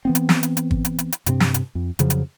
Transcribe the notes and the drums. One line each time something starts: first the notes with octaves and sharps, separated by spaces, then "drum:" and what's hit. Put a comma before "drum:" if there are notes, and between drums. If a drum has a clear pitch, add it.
E3 B3 C4
drum: hi-hat
drum: snare
drum: hi-hat
drum: hi-hat
drum: kick
drum: hi-hat
drum: hi-hat
drum: hi-hat
G2 C3 C4, drum: hi-hat
drum: snare
drum: hi-hat
F2
F2 C#3 F3 F#3, drum: hi-hat
drum: hi-hat